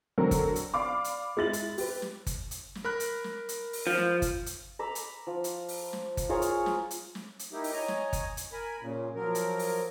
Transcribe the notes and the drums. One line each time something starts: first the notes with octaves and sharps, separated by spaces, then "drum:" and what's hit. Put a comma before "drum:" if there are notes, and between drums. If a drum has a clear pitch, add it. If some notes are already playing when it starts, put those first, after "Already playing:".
D3 F#3 C4 A4 A#4
drum: kick G1, hi-hat
drum: hi-hat
D5 F5 B5 D6
drum: hi-hat
G#3 E4 A6 F#7
drum: hi-hat
G4 B4, drum: open hi-hat
drum: snare
drum: kick G1, hi-hat
drum: hi-hat
drum: snare
A#4 B5 F#6
drum: hi-hat
drum: snare
drum: hi-hat
drum: open hi-hat
F3
drum: snare
drum: kick G1, hi-hat
drum: hi-hat
A#5 B5 D6 E6
drum: hi-hat
F3
drum: hi-hat
drum: open hi-hat
drum: snare
drum: kick G1, hi-hat
F4 G#4 A#4 C#5
drum: hi-hat
drum: snare
drum: hi-hat
drum: snare
drum: hi-hat
A#3 D#4 E4 G4
drum: open hi-hat
C#5 D#5 G#5 A#5
drum: snare
drum: kick G1, hi-hat
drum: hi-hat
A#4 G#5 B5
A#2 C#3
F3 F#3 A#4
drum: hi-hat
drum: open hi-hat